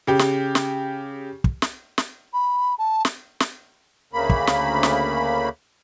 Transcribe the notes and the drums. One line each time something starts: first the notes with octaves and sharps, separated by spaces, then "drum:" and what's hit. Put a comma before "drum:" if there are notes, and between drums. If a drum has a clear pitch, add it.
C#3 G4
drum: snare
drum: snare
drum: kick
drum: snare
drum: snare
B5
A5
drum: snare
drum: snare
D2 C#3 A#3 B5
drum: kick
drum: snare
drum: snare